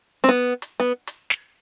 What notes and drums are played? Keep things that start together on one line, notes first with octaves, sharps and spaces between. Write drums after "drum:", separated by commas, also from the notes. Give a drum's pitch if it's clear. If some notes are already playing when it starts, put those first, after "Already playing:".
C4
B3
drum: hi-hat
B3
drum: hi-hat
drum: snare